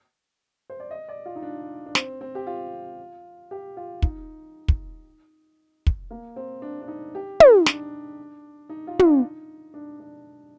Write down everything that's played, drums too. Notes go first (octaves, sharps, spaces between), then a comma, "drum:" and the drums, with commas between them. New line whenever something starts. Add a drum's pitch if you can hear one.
C5
D5
D#5
D5
F4
D#4
D4
D4
C4, drum: snare
C4
G4
F4
G4
F4
D#4, drum: kick
drum: kick
drum: kick
A#3
C4
D4
D4
D#4
G4
D#4, drum: tom
D4, drum: snare
D#4
F4
D4, drum: tom
D#4
D4
D4